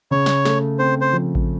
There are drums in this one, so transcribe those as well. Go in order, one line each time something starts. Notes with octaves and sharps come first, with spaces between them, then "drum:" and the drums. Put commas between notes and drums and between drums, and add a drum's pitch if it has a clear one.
C#3 C#5
drum: snare
A3, drum: snare
C4 C5
C5
F3
drum: kick A1